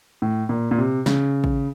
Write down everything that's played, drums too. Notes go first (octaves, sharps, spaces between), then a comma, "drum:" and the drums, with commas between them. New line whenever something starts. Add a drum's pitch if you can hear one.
A2
A#2
A#2
C3
C#3, drum: snare
drum: kick